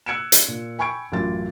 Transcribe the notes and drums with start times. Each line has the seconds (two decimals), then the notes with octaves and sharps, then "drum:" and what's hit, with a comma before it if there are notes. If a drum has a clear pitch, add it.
0.06 E6 F#6 G#6 C#7 D7 E7
0.32 drum: hi-hat
0.48 A#2
0.79 G5 G#5 B5 C#6 G#6 D7
1.12 A1 F#2 F4 A6